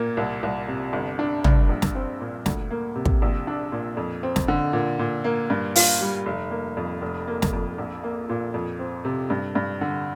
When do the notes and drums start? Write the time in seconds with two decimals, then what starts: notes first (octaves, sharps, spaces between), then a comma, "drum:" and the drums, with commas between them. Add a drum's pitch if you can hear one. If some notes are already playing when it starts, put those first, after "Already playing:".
Already playing: A#2 A#3
0.17 C2
0.43 C2
0.68 C3
0.93 G1
1.19 D4
1.44 G2, drum: tom
1.69 A#1
1.82 drum: snare
1.95 C4
2.20 A#2
2.46 D2, drum: snare
2.71 A#3
2.96 C3
3.05 drum: kick
3.22 A#1
3.47 D4
3.72 A#2
3.97 F2
4.23 C4
4.36 drum: snare
4.48 D3
4.73 A#2
4.99 A#2
5.24 A#3
5.50 G2
5.75 F4, drum: open hi-hat
6.01 G3
6.26 F1
6.51 A#3
6.77 F2
7.02 F1
7.27 A#3
7.42 drum: snare
7.53 F2
7.78 A#1
8.03 A#3
8.29 A#2
8.54 F2
8.79 C4
9.05 C3
9.30 G2
9.55 G2
9.81 D3